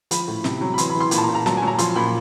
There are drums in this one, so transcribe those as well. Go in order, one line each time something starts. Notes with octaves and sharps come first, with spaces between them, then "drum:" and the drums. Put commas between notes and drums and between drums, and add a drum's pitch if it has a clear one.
F3 B5, drum: hi-hat
A2
C3, drum: snare
F#3
B5
E3 C6, drum: hi-hat
B5
E3
C6
A#2 B5, drum: hi-hat
A5
A#5
A#2
A#5
F#3 A5, drum: snare
G#5
F#3
A#5
F3 C6, drum: hi-hat
A#2 B5